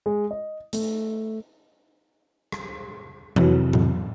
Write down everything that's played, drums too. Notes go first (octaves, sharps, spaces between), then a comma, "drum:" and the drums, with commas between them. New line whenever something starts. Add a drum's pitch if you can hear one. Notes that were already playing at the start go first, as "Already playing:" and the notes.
G#3
D#5
A3, drum: hi-hat
drum: rim click
F2 C3 E3 F#3, drum: tom E3
drum: tom A2